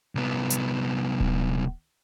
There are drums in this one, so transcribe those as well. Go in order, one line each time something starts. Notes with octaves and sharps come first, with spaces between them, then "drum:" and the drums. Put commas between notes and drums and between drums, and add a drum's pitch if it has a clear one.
C2 B3
drum: hi-hat
drum: kick D1